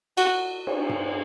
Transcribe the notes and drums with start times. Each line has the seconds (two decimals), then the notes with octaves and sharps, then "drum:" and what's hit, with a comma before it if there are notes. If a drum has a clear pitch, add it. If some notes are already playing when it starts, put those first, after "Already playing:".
0.17 F#4, drum: cymbal
0.67 drum: cymbal
0.89 drum: tom G2